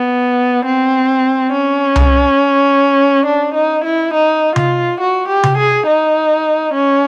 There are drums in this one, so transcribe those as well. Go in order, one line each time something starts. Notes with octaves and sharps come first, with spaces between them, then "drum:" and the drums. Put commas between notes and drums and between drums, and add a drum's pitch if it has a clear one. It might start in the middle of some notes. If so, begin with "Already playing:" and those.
Already playing: B3
C4
C#4
drum: tom C2
D4
D#4
E4
D#4
F4, drum: tom C3
F#4
G4
drum: tom C3
G#4
D#4
C#4